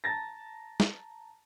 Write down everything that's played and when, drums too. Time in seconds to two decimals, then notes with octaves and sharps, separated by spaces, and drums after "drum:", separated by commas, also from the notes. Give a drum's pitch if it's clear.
0.04 A5 A#5 A6 A#6
0.80 drum: snare